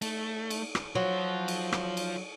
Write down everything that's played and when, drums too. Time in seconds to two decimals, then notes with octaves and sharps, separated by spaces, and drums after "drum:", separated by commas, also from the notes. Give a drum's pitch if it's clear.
0.02 A3, drum: cymbal
0.50 drum: cymbal
0.75 drum: rim click
0.95 F#3 F4 C5
1.48 drum: cymbal
1.72 drum: rim click
1.97 drum: cymbal